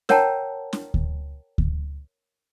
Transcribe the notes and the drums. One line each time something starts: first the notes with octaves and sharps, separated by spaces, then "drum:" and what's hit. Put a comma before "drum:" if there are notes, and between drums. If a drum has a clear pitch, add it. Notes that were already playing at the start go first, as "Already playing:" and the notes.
A#4 C#5 F#5 G5 A5 A#5, drum: snare
drum: snare
drum: kick D2
drum: kick D2